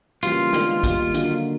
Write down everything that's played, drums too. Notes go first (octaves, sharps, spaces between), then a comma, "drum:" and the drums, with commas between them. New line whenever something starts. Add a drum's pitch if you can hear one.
C#3 E3 G3 A#3 C#4 F4, drum: hi-hat
D#3 G#3 B3 D4, drum: snare
D#3 G3 A#3 D#4, drum: kick, hi-hat
D3 F#3 A#3 D#4, drum: hi-hat